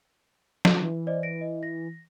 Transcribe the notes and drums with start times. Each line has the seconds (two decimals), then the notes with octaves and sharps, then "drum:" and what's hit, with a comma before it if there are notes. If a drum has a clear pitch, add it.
0.65 drum: snare
0.82 E3
1.07 C5 D5 D#5
1.23 A#6 D7
1.41 D#5
1.63 A#6